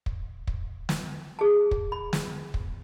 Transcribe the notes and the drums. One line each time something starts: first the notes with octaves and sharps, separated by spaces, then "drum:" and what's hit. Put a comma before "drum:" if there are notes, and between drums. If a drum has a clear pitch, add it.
drum: kick
drum: kick
drum: snare
G#4 A5
drum: kick
B5
drum: snare
drum: kick